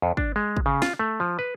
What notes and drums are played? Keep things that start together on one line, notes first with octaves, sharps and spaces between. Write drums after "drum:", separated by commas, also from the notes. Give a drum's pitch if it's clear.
F2
D4, drum: kick
G#3
drum: kick
C#3
F4, drum: snare
A3
F3
B4